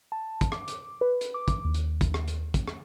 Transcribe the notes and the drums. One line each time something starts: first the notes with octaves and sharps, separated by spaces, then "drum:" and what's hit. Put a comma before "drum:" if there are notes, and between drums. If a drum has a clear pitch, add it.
A5
drum: kick, hi-hat
D6, drum: rim click
drum: hi-hat
B4
drum: hi-hat
D6
drum: kick, hi-hat
D#2
drum: hi-hat
drum: kick, hi-hat
drum: rim click
drum: hi-hat
drum: kick, hi-hat
drum: rim click